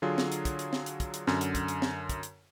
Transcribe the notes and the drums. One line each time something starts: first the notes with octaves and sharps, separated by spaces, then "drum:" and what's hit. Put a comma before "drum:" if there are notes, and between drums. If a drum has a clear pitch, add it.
D3 F#3 F4 G#4
drum: snare
drum: hi-hat
drum: kick, hi-hat
drum: hi-hat
drum: snare
drum: hi-hat
drum: kick, hi-hat
drum: hi-hat
F#2 D3, drum: snare
drum: hi-hat
drum: kick, hi-hat
drum: hi-hat
drum: snare
drum: kick, hi-hat
drum: hi-hat